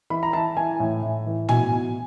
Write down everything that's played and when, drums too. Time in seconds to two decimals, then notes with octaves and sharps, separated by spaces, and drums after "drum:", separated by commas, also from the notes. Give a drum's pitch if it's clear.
0.10 E3 B5
0.23 A#5
0.33 E3 A5
0.57 E3 G#5
0.80 A2
1.03 A2
1.26 E3
1.49 B2 G#5, drum: tom
1.72 B2